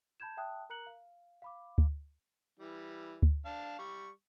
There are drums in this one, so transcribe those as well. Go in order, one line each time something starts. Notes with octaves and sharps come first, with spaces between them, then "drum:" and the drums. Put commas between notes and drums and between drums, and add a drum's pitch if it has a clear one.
A5 B5 G6 G#6 E7
E5 G5 A5 D#6 F#6
A#4 A#5 F#6 C#7 F#7
F5
F5 B5 D6
drum: kick D2
E3 G3
drum: kick D2
D4 F5 A5
G3 C#6